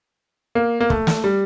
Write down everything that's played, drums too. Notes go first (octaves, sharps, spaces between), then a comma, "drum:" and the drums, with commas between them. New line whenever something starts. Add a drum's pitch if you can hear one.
A#3
A#3
A3, drum: kick
drum: snare
G3